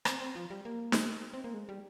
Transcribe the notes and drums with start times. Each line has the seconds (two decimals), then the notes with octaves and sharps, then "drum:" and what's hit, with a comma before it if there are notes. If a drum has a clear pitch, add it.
0.05 C4, drum: rim click
0.20 C4
0.35 F3
0.50 G3
0.65 A#3
0.92 drum: snare
1.34 C4
1.44 A#3
1.54 G#3
1.69 G3